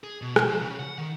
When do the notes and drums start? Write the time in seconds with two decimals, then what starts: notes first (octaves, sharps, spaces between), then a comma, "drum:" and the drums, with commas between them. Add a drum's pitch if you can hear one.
0.04 G#4
0.22 B2
0.36 drum: rim click
0.48 F3
0.61 C#3
0.79 F#5
0.98 D#3